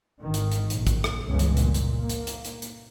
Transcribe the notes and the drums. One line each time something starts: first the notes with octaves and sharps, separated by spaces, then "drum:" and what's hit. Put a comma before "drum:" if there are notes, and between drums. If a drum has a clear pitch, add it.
G#1 D#3
drum: hi-hat
drum: hi-hat
A#1, drum: hi-hat
drum: kick, hi-hat
drum: rim click
G1 C#2 C#3 E3
drum: hi-hat
A#2, drum: hi-hat
drum: hi-hat
A#3
drum: hi-hat
drum: hi-hat
drum: hi-hat
drum: hi-hat